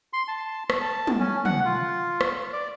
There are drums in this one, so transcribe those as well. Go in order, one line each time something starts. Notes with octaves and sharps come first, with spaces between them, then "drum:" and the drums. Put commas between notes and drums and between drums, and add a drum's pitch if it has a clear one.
C6
A5
drum: rim click
A5
drum: tom
C#4
F#5, drum: tom
F4
drum: rim click
D5